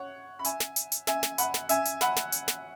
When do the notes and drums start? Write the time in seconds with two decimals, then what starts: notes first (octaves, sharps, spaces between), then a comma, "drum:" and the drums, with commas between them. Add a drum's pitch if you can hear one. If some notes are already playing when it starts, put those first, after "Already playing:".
Already playing: C#5 F#5
0.39 B5
0.45 E5 G#5, drum: hi-hat
0.60 drum: snare
0.76 drum: hi-hat
0.92 drum: hi-hat
1.07 E5 G#5, drum: snare
1.23 drum: snare
1.38 F#5 B5, drum: hi-hat
1.54 drum: snare
1.69 E5 G#5, drum: hi-hat
1.85 drum: hi-hat
2.01 F#5 B5, drum: snare
2.17 drum: snare
2.32 drum: hi-hat
2.48 drum: snare